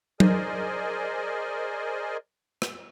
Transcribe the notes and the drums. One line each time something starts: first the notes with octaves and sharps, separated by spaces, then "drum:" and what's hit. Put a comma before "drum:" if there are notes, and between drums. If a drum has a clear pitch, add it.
G#4 A#4 C5 D5 D#5 G#5, drum: tom F#3
drum: rim click